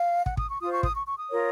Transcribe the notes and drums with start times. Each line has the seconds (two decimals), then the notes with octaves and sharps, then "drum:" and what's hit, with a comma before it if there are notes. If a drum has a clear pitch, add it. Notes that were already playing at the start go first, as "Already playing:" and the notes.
Already playing: F5
0.26 F#5, drum: kick
0.37 D#6, drum: kick
0.49 C#6
0.60 F4 C5 D#6
0.72 C#6
0.83 D#6, drum: kick
0.95 C#6
1.06 C#6
1.18 D#6
1.29 F4 A#4 C#5